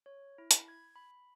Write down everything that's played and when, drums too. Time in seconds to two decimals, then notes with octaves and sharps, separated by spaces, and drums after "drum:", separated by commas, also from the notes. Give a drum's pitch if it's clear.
0.06 C#5
0.38 E4
0.51 B5, drum: hi-hat
0.68 G#6
0.96 B5